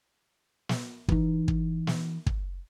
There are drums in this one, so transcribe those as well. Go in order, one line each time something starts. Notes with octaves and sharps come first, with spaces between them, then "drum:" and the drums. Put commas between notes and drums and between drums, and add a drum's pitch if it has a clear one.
drum: snare
E3 D#4, drum: kick
drum: kick
drum: snare
drum: kick